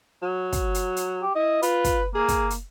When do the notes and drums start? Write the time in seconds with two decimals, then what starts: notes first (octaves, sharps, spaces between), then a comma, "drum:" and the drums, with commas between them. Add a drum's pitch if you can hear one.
0.22 F#3
0.52 drum: kick, hi-hat
0.74 drum: hi-hat
0.96 drum: hi-hat
1.22 G4
1.35 E4 D#5
1.62 F4 B4, drum: hi-hat
1.84 drum: kick, hi-hat
2.15 A#3 G#4
2.28 drum: kick, hi-hat
2.50 drum: hi-hat